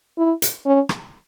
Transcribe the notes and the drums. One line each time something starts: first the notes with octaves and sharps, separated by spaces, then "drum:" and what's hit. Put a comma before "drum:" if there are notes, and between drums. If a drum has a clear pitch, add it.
E4
drum: hi-hat
C#4
drum: rim click